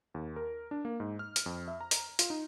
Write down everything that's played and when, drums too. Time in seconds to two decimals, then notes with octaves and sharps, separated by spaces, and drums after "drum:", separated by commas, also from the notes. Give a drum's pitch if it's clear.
0.14 D#2
0.36 A#4
0.71 D4
0.85 A#3
1.00 G#2
1.19 F6
1.36 drum: hi-hat
1.46 F2
1.68 E5
1.81 A#5
1.91 drum: hi-hat
2.19 F4, drum: hi-hat
2.30 D#4